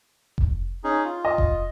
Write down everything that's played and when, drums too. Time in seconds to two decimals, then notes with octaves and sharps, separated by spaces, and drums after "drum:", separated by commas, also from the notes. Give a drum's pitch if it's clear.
0.38 drum: kick F1
0.84 C#4 D#4 G#4
1.05 F4
1.25 D#5
1.38 drum: kick F1